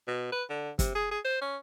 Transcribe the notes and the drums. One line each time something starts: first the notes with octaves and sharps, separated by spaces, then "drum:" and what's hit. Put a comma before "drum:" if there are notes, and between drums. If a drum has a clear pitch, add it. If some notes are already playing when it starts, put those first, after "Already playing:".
B2
B4
D3
C3, drum: kick, hi-hat
G#4
G#4
C5
C#4